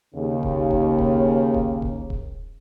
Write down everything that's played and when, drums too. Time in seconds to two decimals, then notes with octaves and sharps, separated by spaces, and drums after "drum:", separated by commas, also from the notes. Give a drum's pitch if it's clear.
0.15 D#2 C#3
0.43 drum: kick D#1
0.71 drum: kick D#1
0.99 drum: kick D#1
1.54 drum: kick D#1
1.82 drum: kick D#1
2.10 drum: kick D#1